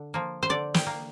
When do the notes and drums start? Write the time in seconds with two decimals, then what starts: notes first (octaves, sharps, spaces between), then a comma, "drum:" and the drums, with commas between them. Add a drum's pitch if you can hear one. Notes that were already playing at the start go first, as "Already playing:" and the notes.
Already playing: D3
0.14 F3 A#3
0.43 C5
0.49 D3 D5
0.74 G5, drum: snare
0.87 A#3